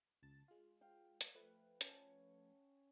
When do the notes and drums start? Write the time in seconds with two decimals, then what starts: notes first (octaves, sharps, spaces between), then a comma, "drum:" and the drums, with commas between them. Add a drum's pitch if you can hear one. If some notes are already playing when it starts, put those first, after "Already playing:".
0.23 C#2 A5 A6
0.48 G#3 F4
0.81 F5 G5
1.21 drum: hi-hat
1.35 F3 A3 B4
1.81 C#4 C#5 A5, drum: hi-hat